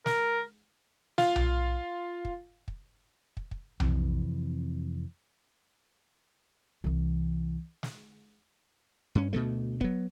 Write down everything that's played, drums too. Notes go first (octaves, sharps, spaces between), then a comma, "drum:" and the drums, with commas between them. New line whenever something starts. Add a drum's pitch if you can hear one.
A#4, drum: snare
F4 F5, drum: snare
drum: tom B1
drum: kick
drum: kick
drum: kick
drum: kick
F2 C3 E3, drum: tom B1
C2 E3
drum: snare
G2 C#4
D2 B2 G#3 A3
F#3 B3, drum: kick